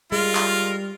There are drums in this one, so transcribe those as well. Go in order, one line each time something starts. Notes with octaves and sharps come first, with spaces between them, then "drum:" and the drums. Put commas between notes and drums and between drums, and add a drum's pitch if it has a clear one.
G3 G#3 F4 A#4
drum: clap